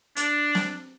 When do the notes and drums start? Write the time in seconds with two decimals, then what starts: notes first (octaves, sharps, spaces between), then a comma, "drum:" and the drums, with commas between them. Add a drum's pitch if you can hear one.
0.16 D4, drum: hi-hat
0.55 drum: snare